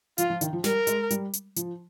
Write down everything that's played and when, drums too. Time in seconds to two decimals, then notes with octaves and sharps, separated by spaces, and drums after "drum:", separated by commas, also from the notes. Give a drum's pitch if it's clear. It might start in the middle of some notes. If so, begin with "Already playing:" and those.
0.18 F3 F4, drum: hi-hat
0.30 F3
0.41 D#3, drum: hi-hat
0.53 F3
0.64 G3 A#4, drum: snare
0.87 G#3, drum: hi-hat
1.10 G3, drum: hi-hat
1.33 drum: hi-hat
1.56 F3, drum: hi-hat